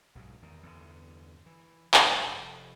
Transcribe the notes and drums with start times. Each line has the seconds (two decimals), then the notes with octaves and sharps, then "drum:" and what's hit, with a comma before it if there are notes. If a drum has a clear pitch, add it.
0.15 B1 G#2
0.42 E2 D#3
0.63 E2 G2 D3
1.46 E3
1.94 F1 G2 A3 D4, drum: clap
2.26 F1